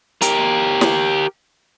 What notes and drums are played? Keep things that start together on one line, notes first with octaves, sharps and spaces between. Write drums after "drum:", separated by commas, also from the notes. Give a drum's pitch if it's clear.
G4 A#4, drum: hi-hat
drum: snare